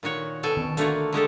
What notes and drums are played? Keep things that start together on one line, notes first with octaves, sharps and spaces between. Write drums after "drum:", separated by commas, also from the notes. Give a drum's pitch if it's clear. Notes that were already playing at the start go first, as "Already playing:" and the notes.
A#2 D#3 F#4 C#5
B2 A4 G5 G#5
drum: tom D#3
D3 A3 A#3 F4 F#4, drum: hi-hat
D3 G#3 G4 A4